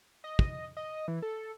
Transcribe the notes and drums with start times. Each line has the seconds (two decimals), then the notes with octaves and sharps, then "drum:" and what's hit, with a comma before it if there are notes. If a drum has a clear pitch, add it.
0.24 D#5
0.39 drum: kick
0.77 D#5
1.08 E3
1.22 A4